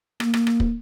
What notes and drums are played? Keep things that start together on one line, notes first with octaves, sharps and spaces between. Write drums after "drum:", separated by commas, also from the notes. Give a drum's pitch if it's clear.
A#3, drum: rim click
drum: rim click
drum: rim click
drum: kick